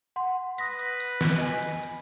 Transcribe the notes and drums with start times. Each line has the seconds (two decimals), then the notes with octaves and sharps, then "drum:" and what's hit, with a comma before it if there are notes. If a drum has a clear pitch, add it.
0.16 F#5 C6
0.58 B4 D#6 A#6 B6, drum: hi-hat
0.79 drum: hi-hat
1.00 drum: hi-hat
1.21 drum: snare
1.38 D#5 G#5
1.62 drum: hi-hat
1.83 drum: hi-hat